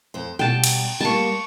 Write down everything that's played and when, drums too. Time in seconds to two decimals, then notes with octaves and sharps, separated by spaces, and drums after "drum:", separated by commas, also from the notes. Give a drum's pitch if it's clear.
0.14 F2 C5
0.39 B2 G3 G5 A5
0.64 drum: cymbal
1.00 G3 A#3 A5 C#6